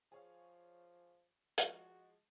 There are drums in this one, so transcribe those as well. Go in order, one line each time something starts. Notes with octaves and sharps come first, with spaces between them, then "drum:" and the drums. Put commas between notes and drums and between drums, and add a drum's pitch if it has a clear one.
F3 G#4 C#5 F5
F3 G#3 F#4, drum: hi-hat